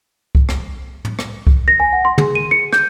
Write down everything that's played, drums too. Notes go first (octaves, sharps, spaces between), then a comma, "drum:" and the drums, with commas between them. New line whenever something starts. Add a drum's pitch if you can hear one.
drum: kick C2
drum: rim click
drum: tom
drum: rim click
drum: kick C2
A#6
G#5
F#5
C6
G#4, drum: tom
D#7
C#7
G6, drum: rim click